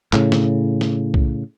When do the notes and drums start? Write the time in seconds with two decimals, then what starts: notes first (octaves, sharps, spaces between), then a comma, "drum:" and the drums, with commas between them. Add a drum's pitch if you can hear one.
0.13 A2 C#3, drum: clap
0.32 drum: snare
0.81 drum: snare
1.14 drum: kick B1